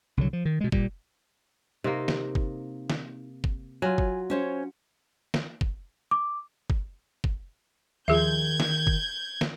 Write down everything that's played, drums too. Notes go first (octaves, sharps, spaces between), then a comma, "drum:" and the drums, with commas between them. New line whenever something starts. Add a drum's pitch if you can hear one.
C2 D3 F#3
F3
D#3
B2 G#3
A#2 G3, drum: kick G1
C3 A#3 D#4
drum: snare
drum: kick G1
drum: snare
drum: kick G1
F#3 F4 G#5
drum: kick G1
C#4 C5 C#5
drum: snare
drum: kick G1
D6
drum: kick G1
drum: kick G1
D#2 D#3 F3 G#4 E5 G6 G#6
drum: snare
drum: kick G1
drum: snare